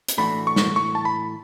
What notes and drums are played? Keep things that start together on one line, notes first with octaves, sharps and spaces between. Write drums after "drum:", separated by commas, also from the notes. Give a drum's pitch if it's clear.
drum: hi-hat
A2 E3 A3 D4 F#4 B5
C#6
drum: snare
C#6
A5
B5